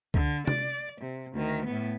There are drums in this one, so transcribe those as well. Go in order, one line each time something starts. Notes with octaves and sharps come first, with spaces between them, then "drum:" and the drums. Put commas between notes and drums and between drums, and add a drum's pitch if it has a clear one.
D3, drum: kick C#2
D5, drum: tom C3
C3
D2 D#3
A2 B3